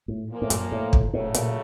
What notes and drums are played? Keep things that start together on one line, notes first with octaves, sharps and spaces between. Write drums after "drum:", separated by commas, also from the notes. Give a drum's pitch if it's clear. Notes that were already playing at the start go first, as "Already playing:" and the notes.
A2
A#2 F3 A#3
A2
F#2, drum: hi-hat
A2
drum: kick
A2 C#3 F#3 A3
A#2, drum: hi-hat